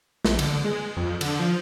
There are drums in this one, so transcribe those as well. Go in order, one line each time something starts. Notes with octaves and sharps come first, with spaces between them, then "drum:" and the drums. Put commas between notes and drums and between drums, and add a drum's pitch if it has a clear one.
A#1, drum: snare
D3, drum: cymbal
G#3
F2
D3, drum: cymbal
F3